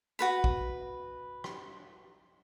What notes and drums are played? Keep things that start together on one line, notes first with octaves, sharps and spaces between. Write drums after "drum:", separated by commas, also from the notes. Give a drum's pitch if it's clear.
F#4 B4 B5
drum: kick
drum: rim click